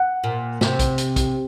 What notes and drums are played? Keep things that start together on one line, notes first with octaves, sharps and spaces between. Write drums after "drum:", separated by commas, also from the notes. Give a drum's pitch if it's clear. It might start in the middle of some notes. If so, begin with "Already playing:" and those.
Already playing: F#5
A#2
C3, drum: snare
drum: kick B1, hi-hat
drum: hi-hat
drum: kick B1, hi-hat